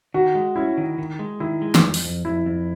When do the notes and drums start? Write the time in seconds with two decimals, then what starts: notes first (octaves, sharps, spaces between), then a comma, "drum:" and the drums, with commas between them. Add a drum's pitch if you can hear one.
0.14 D#3 F#4
0.35 G#3
0.56 C#4 E4
0.77 D#3
0.98 D#3
1.19 G#3
1.40 D#3 E4
1.62 G#3
1.75 drum: snare
1.84 F2
1.94 drum: open hi-hat
2.05 F2
2.25 F2 E4
2.46 F2